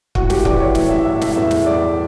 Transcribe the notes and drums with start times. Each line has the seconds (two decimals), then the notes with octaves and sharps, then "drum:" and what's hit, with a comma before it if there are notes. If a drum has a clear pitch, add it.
0.15 A2 F#4, drum: kick
0.25 F#4
0.30 G4, drum: snare
0.45 E3 D5, drum: kick
0.60 C#5
0.75 A2 E5, drum: snare
0.90 E5
1.05 A2 E5
1.21 E5, drum: snare
1.36 E2 E5
1.51 drum: snare
1.66 E2 D5